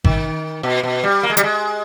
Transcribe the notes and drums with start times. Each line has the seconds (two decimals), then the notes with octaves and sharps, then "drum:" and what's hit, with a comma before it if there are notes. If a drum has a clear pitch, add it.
0.04 D#3, drum: kick G#1
0.63 B2
0.84 B2
1.03 G3
1.23 A#3
1.30 G#3
1.37 G3, drum: hi-hat
1.43 G#3